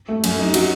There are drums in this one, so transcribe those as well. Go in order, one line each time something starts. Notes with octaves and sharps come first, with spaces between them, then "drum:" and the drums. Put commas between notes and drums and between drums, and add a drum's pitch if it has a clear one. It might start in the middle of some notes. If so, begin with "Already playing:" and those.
A3
F#2, drum: cymbal
D#4
F#3, drum: cymbal